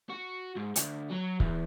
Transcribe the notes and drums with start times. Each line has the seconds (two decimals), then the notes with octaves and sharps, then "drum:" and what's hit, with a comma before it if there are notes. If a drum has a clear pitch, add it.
0.10 F#4
0.56 G#2
0.76 D2, drum: hi-hat
1.10 F#3
1.40 E2, drum: kick C#1